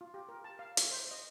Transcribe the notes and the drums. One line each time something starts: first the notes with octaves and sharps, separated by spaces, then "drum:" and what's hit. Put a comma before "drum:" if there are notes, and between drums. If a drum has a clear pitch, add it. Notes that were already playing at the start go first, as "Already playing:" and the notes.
F4
G4
A#4
A5
F5
E5, drum: hi-hat
C5
D#5